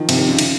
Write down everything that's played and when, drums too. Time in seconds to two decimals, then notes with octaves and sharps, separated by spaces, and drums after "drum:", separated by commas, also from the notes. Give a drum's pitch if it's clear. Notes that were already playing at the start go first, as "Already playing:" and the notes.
Already playing: D#3 F3
0.09 C3, drum: cymbal
0.19 D#3
0.28 C#3
0.39 drum: cymbal